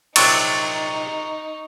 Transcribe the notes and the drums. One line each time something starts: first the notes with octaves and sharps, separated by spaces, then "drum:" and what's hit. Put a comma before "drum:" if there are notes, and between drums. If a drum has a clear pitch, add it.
A#1 C3 F#3 D#4 C#6 A6, drum: cymbal